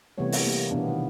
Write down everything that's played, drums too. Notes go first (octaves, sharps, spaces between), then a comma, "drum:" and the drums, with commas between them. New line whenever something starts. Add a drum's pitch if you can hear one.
C3 E3 G3 A3 B3 C#5
drum: open hi-hat
A#3
B2 E3 B3 D4
D#3